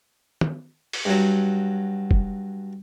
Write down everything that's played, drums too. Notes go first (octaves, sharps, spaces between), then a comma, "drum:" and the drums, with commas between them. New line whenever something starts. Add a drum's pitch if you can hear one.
drum: tom
drum: open hi-hat
G2 F#3
drum: kick F1